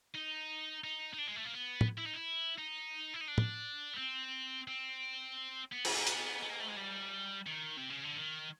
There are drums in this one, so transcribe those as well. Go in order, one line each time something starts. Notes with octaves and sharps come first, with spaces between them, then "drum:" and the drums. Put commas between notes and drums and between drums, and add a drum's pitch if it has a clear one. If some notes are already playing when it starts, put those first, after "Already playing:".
D#4
D#4
D#4
D4
G#3
A3
A#3
B3
drum: tom
E4
D#4
E4
D#4
E4
D#4
D4
drum: tom
B3
C4
C4
B3
G#3, drum: cymbal
A3
A#3
B3, drum: hi-hat
B3
A#3
A3
G#3
G3
D#3
C3
C#3
D3
D#3